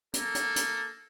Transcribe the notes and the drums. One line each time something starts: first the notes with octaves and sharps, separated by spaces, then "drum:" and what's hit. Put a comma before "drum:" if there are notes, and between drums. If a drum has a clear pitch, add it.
A#3 A4, drum: hi-hat
drum: hi-hat
drum: hi-hat